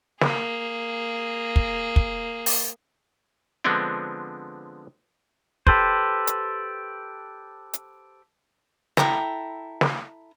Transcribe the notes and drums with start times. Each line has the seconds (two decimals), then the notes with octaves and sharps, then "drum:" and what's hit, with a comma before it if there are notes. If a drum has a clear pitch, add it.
0.21 A#3 G#4, drum: snare
1.56 drum: kick
1.96 drum: kick
2.46 drum: open hi-hat
3.64 D3 F3 G#3 B3 C4 D4
5.67 G4 A4 B4 C5, drum: kick
6.27 drum: hi-hat
7.73 drum: hi-hat
8.97 E4 A4 G5 A#5, drum: snare
9.81 drum: snare